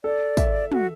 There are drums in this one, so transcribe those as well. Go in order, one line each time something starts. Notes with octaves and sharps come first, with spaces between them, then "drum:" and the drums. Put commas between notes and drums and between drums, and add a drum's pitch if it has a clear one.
A4 D5
E5, drum: kick, tambourine
F#4, drum: tom